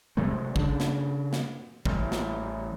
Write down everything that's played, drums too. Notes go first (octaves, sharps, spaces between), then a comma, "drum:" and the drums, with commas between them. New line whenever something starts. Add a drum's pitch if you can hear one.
C3 F#3 G#3 A3
C#3 D4, drum: kick
drum: snare
drum: snare
A1 E3 G3, drum: kick
drum: snare